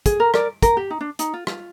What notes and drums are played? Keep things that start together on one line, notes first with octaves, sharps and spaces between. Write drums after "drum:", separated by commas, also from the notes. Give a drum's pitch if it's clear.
G#4, drum: kick, hi-hat
A#4
A#4 D5, drum: rim click
A#4, drum: kick, hi-hat
G4
D#4
D4
D#4, drum: hi-hat
F4
F4, drum: rim click